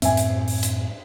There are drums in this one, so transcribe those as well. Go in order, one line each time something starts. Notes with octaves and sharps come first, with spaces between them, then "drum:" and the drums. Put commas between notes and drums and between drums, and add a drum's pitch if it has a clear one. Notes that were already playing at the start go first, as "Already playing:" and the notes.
F#2 A2 C4 E5 G#5, drum: hi-hat
drum: hi-hat
drum: open hi-hat
drum: hi-hat